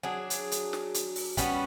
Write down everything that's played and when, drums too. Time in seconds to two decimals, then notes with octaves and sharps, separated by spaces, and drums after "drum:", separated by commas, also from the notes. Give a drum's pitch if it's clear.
0.03 F#3 D4 G#4
0.30 drum: hi-hat
0.52 drum: hi-hat
0.73 drum: snare
0.94 drum: hi-hat
1.16 drum: open hi-hat
1.37 G3 B3 C#4 F#4, drum: kick, hi-hat